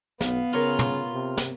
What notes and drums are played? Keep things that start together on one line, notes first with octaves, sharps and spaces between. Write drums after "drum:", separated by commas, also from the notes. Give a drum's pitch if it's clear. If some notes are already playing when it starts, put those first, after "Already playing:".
B1 B3 F5, drum: snare
C#3 F4 A#4 C#5 A#5
drum: tom
C3
drum: snare